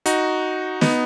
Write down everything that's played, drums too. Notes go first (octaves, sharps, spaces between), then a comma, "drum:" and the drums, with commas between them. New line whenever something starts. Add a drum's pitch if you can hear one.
D#4 F#4, drum: hi-hat
B3 D#4, drum: snare